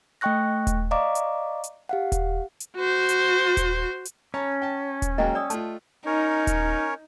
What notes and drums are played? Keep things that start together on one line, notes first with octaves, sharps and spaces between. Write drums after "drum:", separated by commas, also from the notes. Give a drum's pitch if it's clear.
A3 D#5 G5 C#6 F#6 A#6
drum: kick D#1, hi-hat
D5 D#5 F5 A#5 C#6 D6
drum: hi-hat
drum: hi-hat
G4 F5 F#5
drum: kick D#1, hi-hat
drum: hi-hat
F#4 C5
drum: hi-hat
drum: kick D#1, hi-hat
drum: hi-hat
C#4 C#5 A5 A#5
G5 A5
drum: kick D#1, hi-hat
F#3 G#3 A#3 D#5 G5
D5 D#6 E6
A3 F4 A5, drum: hi-hat
C#4 D#4 A#4 C#5
drum: kick D#1, hi-hat